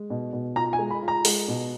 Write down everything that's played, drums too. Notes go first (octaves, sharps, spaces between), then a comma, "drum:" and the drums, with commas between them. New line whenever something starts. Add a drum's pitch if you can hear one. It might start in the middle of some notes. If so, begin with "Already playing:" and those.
Already playing: G#3
B2
B2
F4 A#5
G#5
G#3
B5
F4
A#5
G#3, drum: open hi-hat
B2